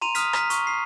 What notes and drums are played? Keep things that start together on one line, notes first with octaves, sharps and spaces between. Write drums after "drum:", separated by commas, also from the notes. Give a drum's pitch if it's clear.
A#5 C6 D#7 F7
D#6 F6 B6, drum: hi-hat
A#5 F6 B6, drum: rim click
C#6, drum: hi-hat
C7